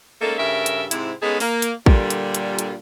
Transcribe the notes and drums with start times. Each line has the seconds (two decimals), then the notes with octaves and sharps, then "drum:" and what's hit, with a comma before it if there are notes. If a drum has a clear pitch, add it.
0.22 G#3 A#3 C#4 D#4 A4
0.38 G2 C#3 A4 A#4 E5
0.66 drum: hi-hat
0.91 G#2 C3 C4 E4, drum: hi-hat
1.22 G#3 B3 C#4 D#4 G#4 A4
1.40 A#3, drum: open hi-hat
1.62 drum: hi-hat
1.86 A#2 D3 G3, drum: kick
2.10 drum: hi-hat
2.34 drum: hi-hat
2.59 drum: hi-hat